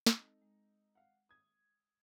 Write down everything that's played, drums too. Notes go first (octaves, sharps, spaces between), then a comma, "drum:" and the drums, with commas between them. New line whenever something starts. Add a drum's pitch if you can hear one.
G#3 C4 D#4 A4, drum: snare
G#3
F5 F#5
D#6 G#6